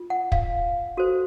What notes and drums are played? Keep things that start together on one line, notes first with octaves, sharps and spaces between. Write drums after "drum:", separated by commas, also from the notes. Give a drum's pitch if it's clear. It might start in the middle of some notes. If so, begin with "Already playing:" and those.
Already playing: F4
F#5
F5, drum: kick
F#4 A4 C5